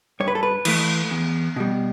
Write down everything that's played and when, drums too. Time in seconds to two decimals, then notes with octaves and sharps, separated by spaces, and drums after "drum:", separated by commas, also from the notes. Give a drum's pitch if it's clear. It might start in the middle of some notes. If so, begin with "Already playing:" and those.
0.20 G2 C#5
0.28 B4
0.35 A4
0.43 B4
0.65 E3 A3, drum: cymbal
1.11 E2
1.56 B2 G3